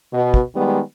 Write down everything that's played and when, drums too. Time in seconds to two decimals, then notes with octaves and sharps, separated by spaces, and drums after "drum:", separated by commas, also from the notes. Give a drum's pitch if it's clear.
0.13 B2
0.34 drum: kick
0.55 D#3 G3 G#3 B3